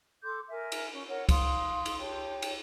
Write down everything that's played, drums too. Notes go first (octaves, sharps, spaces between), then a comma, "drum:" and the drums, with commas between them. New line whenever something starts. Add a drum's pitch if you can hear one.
A4 C6 D6 G6
A#4 E5 G#5
drum: cymbal
C#4
A#4 C#5 F#5
F5 C6 D#6, drum: kick C#2, cymbal
drum: cymbal
G4 C#5 G5 A5
drum: cymbal